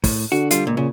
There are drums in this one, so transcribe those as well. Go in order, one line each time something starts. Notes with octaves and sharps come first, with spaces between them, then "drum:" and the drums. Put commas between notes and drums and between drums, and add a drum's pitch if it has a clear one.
A2, drum: kick, open hi-hat
D3 F#4
G3 F4, drum: hi-hat
C#2 A#2
A#2 C#3